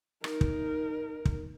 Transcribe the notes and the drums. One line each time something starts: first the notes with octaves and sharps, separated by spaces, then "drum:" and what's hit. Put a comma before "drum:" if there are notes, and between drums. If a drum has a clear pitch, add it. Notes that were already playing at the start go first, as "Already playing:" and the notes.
D#4 A#4, drum: rim click
drum: kick
drum: kick